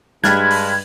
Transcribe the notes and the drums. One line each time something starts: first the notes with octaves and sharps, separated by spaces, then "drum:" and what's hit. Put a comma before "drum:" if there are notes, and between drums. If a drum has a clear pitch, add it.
G2 G#3 G5 A5 B5 F6 F#6 G#6, drum: snare
drum: open hi-hat